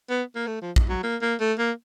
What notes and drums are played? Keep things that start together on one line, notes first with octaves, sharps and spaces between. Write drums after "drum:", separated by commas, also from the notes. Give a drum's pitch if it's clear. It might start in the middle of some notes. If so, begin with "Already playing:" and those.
B3
A#3
A3
F3
drum: kick
F#3
A#3
A#3
A3
A#3